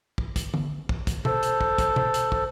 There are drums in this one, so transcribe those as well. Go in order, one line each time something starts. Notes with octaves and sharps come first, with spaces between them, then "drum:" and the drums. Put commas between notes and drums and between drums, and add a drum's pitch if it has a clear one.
drum: kick
drum: kick, hi-hat
drum: tom D3
drum: kick
drum: kick, hi-hat
A4 C5, drum: tom B2
drum: hi-hat
drum: kick
drum: kick, hi-hat
drum: tom B2
drum: hi-hat
drum: kick